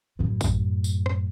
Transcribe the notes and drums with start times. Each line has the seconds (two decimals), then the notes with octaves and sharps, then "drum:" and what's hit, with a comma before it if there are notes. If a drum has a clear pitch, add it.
0.19 F#2 A2
0.41 drum: kick, tambourine
0.84 drum: tambourine
1.06 drum: rim click